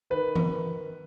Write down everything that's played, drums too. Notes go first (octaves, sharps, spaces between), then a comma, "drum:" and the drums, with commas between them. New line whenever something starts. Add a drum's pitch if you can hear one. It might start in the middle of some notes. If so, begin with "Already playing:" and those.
D#3 B4
drum: tom E3